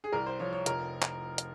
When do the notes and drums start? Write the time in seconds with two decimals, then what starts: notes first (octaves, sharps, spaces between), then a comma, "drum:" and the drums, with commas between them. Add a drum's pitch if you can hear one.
0.04 G#4
0.12 C2 A#4
0.26 C5
0.40 F3 C#5
0.53 C#5
0.66 F1 A#4, drum: hi-hat
1.02 drum: clap
1.38 drum: hi-hat